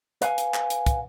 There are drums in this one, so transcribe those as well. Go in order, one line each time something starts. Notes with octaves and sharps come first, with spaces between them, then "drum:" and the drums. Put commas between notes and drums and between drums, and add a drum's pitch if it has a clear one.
B4 F5 F#5 G#5, drum: hi-hat
drum: hi-hat
drum: clap
drum: hi-hat
drum: kick, hi-hat